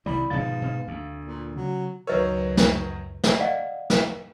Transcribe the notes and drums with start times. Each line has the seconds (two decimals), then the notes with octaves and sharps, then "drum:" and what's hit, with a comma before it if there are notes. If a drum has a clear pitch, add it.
0.06 C2 D#3 G3 E4 D5 B5
0.30 G#2 B2 D#3 F3 F5 A6
0.62 B2
0.87 D2
1.25 A#2
1.56 C#3 F#3
2.07 C#2 F#2 D#3 F#3 A#4 B4 C#5 D#5
2.57 drum: snare
3.24 drum: snare
3.39 D5 D#5 F5 F#5
3.90 drum: snare